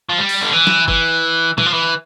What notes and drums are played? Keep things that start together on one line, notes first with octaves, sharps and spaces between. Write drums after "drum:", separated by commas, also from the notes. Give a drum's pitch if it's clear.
F3
G3
drum: open hi-hat
D3
E3
drum: snare
E3, drum: kick
E3, drum: tom
F3
E3